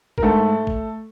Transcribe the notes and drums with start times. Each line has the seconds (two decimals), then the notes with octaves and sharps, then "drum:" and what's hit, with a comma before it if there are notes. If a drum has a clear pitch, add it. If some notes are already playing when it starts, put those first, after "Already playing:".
0.18 A#4, drum: kick A1
0.22 G#2 A3 A4
0.67 drum: kick A1